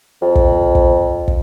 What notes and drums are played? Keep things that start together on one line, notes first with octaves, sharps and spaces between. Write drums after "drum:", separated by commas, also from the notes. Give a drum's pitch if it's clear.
F2
drum: kick
drum: kick
drum: kick